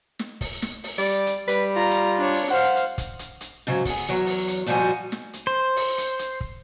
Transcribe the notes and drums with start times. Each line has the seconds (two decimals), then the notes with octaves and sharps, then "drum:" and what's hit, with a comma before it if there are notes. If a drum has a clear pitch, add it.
0.19 drum: snare
0.41 drum: kick, open hi-hat
0.62 drum: snare
0.84 drum: open hi-hat
0.98 G3 D5
1.26 drum: hi-hat
1.48 G3 B4, drum: hi-hat
1.76 F4 A#5
1.91 drum: hi-hat
2.18 D4 C#5
2.34 drum: open hi-hat
2.51 C5 F5 F#5
2.76 drum: hi-hat
2.98 drum: kick, hi-hat
3.19 drum: hi-hat
3.41 drum: hi-hat
3.67 G#2 C#3 F#3
3.85 B3 G#4, drum: kick, open hi-hat
4.09 E2 F#3 C#5
4.26 drum: open hi-hat
4.48 drum: hi-hat
4.66 F2 A#2 F3 G3 F#4 G#5, drum: hi-hat
5.12 drum: snare
5.33 drum: hi-hat
5.47 C5
5.76 drum: open hi-hat
5.98 drum: hi-hat
6.19 drum: hi-hat
6.41 drum: kick